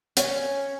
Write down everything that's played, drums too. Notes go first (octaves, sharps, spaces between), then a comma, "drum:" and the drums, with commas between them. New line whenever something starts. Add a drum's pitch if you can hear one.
C#4, drum: hi-hat